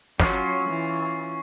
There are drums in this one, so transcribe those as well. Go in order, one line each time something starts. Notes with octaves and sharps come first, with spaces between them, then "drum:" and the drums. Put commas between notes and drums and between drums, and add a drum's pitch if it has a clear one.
F#3 C#4 F4 C#6 C7, drum: snare
E3